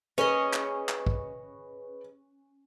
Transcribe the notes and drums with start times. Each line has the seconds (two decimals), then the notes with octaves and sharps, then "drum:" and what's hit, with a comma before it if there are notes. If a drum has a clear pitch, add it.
0.18 C#4 G#4 B4 C#5 D#5
0.53 drum: clap
0.89 drum: clap
1.07 drum: kick